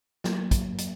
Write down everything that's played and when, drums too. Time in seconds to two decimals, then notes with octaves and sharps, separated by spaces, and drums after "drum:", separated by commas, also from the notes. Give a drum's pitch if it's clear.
0.24 F#3 A#3, drum: snare
0.51 drum: kick, hi-hat
0.78 drum: hi-hat